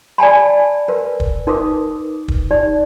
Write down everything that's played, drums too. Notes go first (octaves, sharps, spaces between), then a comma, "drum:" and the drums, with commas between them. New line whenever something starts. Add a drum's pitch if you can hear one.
D5 G#5 A5 B5
A#4 B4
drum: kick
D#4 A#4 B4 D6 D#6
drum: kick
D#4 D5